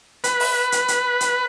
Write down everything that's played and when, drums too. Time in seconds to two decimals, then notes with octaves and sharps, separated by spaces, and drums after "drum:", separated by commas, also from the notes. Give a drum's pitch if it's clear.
0.24 B4, drum: hi-hat
0.40 drum: open hi-hat
0.72 drum: hi-hat
0.88 drum: hi-hat
1.20 drum: hi-hat